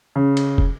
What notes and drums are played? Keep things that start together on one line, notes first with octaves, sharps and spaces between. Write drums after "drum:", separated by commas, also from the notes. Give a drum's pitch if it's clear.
C#3
drum: cymbal
drum: kick